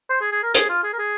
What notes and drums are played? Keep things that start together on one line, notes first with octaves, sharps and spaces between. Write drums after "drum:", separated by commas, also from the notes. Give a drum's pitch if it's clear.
C5
G#4
G#4
A#4
G#4, drum: hi-hat
F4
G#4
A#4
G#4